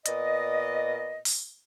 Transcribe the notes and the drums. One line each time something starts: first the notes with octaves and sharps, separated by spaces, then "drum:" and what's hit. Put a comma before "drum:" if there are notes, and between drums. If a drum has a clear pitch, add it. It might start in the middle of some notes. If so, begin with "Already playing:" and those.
A#2 B3 D5 D#5, drum: hi-hat
drum: open hi-hat